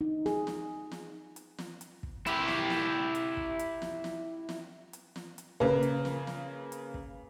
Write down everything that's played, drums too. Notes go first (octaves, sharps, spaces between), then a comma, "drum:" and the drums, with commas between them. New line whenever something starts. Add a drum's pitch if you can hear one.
D#4
G#4, drum: snare
drum: snare
drum: snare
drum: hi-hat
drum: snare
drum: hi-hat
drum: kick
E4 G4, drum: hi-hat
drum: snare
drum: snare
drum: hi-hat
drum: kick
drum: hi-hat
drum: snare
drum: snare
drum: snare
drum: hi-hat
drum: snare
drum: hi-hat
C#3 A#3 B4, drum: kick
drum: hi-hat
drum: snare
drum: snare
drum: hi-hat
drum: kick